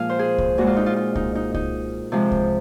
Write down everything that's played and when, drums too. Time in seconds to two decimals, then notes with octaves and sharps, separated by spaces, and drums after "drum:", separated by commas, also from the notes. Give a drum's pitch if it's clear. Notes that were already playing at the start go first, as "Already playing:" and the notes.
Already playing: A#2 F3 G#3 F5 G#5
0.10 C5
0.19 G#4
0.38 drum: kick C2
0.58 A#2 G#3 F#4
0.67 F4
0.76 D#4
0.86 F4
0.96 F4
1.15 D#4, drum: kick C2
1.35 D#4
1.54 D#4, drum: kick C2
2.12 C3 F3 G#3
2.31 drum: kick C2